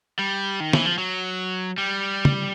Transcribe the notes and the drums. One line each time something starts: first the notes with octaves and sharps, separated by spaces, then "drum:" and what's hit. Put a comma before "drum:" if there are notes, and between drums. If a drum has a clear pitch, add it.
G3
D#3
E3, drum: snare
F3
F#3
G3
drum: tom